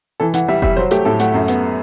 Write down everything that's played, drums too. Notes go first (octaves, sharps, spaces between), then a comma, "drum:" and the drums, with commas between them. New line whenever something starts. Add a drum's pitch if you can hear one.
E3 A4
E3 F#5, drum: hi-hat
G3 E5
G3 E5, drum: kick F1
F#3 C5
A3 G4, drum: hi-hat
A2 A4
A3 F#5, drum: hi-hat
F#2
B3, drum: hi-hat